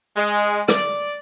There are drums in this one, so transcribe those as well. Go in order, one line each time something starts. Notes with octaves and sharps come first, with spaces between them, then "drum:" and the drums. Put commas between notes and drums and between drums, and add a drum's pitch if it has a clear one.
G#3
D5, drum: rim click